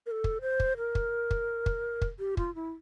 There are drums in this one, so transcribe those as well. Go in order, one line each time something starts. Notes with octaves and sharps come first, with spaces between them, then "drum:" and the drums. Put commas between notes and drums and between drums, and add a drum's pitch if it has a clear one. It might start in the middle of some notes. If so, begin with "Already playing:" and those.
A#4
A4
drum: kick
C5
drum: kick
A#4
drum: kick
drum: kick
drum: kick
drum: kick
G4
F4, drum: kick
E4